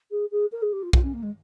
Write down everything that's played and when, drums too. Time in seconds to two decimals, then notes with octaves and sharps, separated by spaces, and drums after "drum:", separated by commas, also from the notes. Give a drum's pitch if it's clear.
0.11 G#4
0.31 G#4
0.52 A#4
0.62 G#4
0.72 G4
0.83 F4
0.93 F4, drum: kick
1.04 C#4
1.13 A#3
1.23 G#3